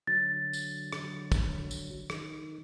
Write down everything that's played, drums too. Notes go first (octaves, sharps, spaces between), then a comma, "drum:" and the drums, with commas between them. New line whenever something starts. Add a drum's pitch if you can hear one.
D3 F#3 A6
drum: tambourine
drum: rim click
drum: kick, tambourine
drum: tambourine
D#3, drum: rim click